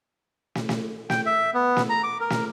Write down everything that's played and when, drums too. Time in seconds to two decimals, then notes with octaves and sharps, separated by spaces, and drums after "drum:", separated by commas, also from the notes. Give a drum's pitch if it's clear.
0.55 drum: snare
0.69 drum: snare
1.10 G5, drum: snare
1.26 E5
1.54 B3
1.77 drum: snare
1.90 A#5
2.03 D6
2.20 A#4
2.30 drum: snare